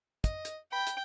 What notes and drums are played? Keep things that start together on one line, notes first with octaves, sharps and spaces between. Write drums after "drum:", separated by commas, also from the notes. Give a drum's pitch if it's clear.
D#5, drum: kick, hi-hat
drum: hi-hat
G5 B5
drum: hi-hat